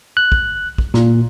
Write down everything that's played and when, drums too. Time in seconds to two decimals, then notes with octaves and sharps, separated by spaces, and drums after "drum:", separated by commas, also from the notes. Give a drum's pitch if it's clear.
0.17 F#6
0.32 drum: kick
0.78 drum: kick
0.94 A#2, drum: snare